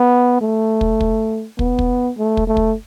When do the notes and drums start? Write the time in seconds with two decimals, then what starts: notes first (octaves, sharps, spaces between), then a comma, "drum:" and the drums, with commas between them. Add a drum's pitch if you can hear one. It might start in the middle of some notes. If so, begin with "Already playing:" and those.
Already playing: B3
0.41 A3
0.81 drum: kick
1.01 drum: kick
1.59 B3, drum: kick
1.79 drum: kick
2.18 A3
2.37 drum: kick
2.47 A3
2.57 drum: kick